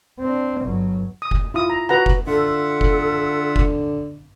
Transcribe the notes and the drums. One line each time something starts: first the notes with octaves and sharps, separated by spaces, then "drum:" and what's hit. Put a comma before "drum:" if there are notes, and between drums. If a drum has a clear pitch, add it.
C4 D4
G1 F#3
D#6
drum: kick F1
E4 F4 D#6
A#5
F#4 B4 F#5 A#5
drum: kick F1
D3 F4 A4 E5 F#5
drum: kick F1
drum: kick F1